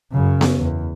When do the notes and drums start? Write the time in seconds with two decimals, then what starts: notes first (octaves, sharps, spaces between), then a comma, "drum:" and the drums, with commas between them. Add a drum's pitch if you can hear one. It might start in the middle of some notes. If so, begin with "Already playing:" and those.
0.12 F#2 C#3
0.41 drum: snare B3
0.59 E2